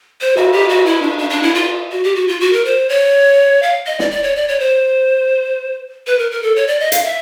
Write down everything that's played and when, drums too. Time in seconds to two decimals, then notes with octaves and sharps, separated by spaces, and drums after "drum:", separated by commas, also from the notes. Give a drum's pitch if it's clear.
0.21 C5
0.37 F#4, drum: cymbal
0.53 G4
0.69 F#4
0.86 E4
1.02 D4
1.18 D4
1.30 D4
1.43 E4
1.55 F4
1.92 F#4
2.04 G4
2.16 F#4
2.28 F4
2.40 F#4
2.53 A#4
2.65 C5
2.89 C#5
3.63 F5
3.86 D#5
3.99 D5, drum: snare
4.11 D5
4.23 C#5
4.36 D5
4.48 C#5
4.60 C5
6.07 B4
6.19 A#4
6.31 A#4
6.43 A4
6.56 C#5
6.67 D5
6.80 D#5
6.92 F5, drum: hi-hat
7.04 E5